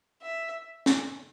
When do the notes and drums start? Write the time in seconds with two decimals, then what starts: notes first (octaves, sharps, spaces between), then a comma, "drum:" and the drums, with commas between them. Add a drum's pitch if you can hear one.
0.22 E5
0.86 drum: snare